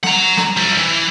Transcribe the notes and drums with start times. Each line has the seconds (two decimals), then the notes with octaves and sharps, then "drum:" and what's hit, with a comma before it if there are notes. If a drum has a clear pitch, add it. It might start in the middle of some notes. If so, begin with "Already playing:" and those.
0.03 F#5 A#5, drum: snare
0.37 drum: snare
0.57 G3 E4
0.77 E3